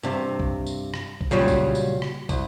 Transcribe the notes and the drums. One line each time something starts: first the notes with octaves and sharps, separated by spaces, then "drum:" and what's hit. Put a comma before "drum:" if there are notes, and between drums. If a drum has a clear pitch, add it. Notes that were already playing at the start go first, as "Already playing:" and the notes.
G2 C3
drum: kick
drum: tambourine
drum: rim click
drum: kick
A#2 C#3 F#3 G3
drum: kick, tambourine
drum: tambourine
drum: rim click
C2, drum: kick, tambourine